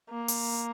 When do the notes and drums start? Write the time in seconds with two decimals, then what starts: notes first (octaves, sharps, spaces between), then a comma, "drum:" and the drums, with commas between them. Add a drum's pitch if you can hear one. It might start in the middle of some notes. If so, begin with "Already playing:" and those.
0.10 A#3
0.28 drum: open hi-hat